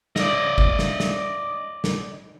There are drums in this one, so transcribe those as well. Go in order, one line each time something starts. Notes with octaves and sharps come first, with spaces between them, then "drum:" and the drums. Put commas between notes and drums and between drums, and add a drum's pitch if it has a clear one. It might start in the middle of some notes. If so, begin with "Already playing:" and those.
D5 D#5, drum: snare
drum: kick G1
drum: snare
drum: snare
drum: snare